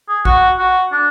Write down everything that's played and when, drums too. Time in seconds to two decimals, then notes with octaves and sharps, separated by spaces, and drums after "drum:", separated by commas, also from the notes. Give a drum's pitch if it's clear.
0.08 G#4
0.25 F#4, drum: kick A1
0.59 F#4
0.92 D4